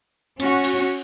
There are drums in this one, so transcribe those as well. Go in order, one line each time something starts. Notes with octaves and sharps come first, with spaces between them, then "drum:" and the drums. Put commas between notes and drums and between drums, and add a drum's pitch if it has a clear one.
C#4 F#4, drum: hi-hat
drum: cymbal